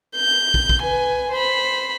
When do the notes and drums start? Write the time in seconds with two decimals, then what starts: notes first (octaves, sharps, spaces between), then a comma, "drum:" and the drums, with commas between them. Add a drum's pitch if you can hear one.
0.16 G6
0.54 drum: kick
0.69 drum: kick
0.82 B4 G#5
1.32 C5 B5